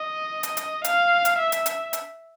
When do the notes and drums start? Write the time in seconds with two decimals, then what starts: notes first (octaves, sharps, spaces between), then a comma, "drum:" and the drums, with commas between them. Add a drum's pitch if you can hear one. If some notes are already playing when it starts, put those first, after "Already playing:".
Already playing: D#5
0.43 drum: hi-hat
0.57 drum: hi-hat
0.84 F5, drum: hi-hat
1.25 drum: hi-hat
1.39 E5
1.52 drum: hi-hat
1.66 drum: hi-hat
1.93 drum: hi-hat